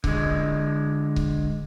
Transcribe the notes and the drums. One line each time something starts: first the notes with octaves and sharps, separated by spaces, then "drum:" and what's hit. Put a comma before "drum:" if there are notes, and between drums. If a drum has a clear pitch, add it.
D3 G#3, drum: kick C#1
drum: kick C#1